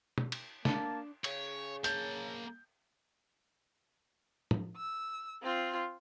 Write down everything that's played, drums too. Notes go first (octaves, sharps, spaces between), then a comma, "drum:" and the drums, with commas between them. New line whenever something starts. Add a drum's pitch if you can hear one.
drum: tom
drum: cymbal
A#3 D4 A5, drum: snare
C#3 C#5, drum: cymbal
A#3 A5 G6, drum: hi-hat
drum: tom
E6
C4 F4